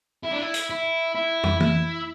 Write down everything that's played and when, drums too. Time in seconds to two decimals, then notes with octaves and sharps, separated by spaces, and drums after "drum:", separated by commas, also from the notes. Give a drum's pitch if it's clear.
0.24 E4
0.33 D4
0.42 E4
0.54 drum: hi-hat
0.70 E4
1.15 E4
1.43 drum: tom
1.60 E4, drum: tom E3